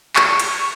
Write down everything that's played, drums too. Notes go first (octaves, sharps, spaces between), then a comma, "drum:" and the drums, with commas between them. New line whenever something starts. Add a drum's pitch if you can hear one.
C#6, drum: clap
drum: cymbal